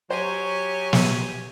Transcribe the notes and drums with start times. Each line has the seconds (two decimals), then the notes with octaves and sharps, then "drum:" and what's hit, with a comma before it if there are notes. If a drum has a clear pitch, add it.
0.10 F#3 G4 C5 C#5 G#5
0.93 drum: snare